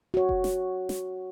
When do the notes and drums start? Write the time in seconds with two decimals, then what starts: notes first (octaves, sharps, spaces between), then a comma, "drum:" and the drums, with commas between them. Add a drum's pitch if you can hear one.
0.14 F#4 C#5
0.29 drum: kick F1
0.44 drum: snare
0.89 drum: snare